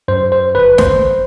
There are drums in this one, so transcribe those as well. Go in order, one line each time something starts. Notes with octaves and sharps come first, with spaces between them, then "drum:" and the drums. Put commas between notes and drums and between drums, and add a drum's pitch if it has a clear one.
F#2 C5
C5
G1 B4
C5, drum: snare